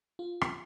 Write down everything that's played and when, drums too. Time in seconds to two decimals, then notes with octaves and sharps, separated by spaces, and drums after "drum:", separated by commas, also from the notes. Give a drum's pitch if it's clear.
0.19 F4
0.41 drum: rim click